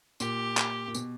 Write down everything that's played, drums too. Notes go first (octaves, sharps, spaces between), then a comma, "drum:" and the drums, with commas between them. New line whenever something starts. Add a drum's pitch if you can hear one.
A#2 G4, drum: tambourine
drum: clap
A#2
B2, drum: tambourine